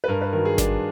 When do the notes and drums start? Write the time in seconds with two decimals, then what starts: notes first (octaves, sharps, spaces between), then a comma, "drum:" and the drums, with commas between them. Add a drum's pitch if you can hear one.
0.04 B4
0.08 G2 A#4
0.21 B4
0.33 D#3 F#3 A#4
0.45 G#4
0.58 G2 D4, drum: snare G#1